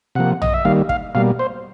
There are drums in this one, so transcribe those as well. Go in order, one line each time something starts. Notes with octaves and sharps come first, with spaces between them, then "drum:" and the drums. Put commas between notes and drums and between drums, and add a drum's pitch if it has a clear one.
C3 F3 A#3 F#5
D#5, drum: tom A#1
E5
D#3 G3 A#3 F5
F5, drum: kick
B2 G3 A#3 F5
C5